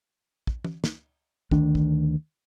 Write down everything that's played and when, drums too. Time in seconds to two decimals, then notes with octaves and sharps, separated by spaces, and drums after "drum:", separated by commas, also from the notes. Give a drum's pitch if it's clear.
0.47 drum: kick
0.65 drum: tom
0.84 drum: snare
1.51 D2 D#3 D4, drum: kick
1.75 drum: kick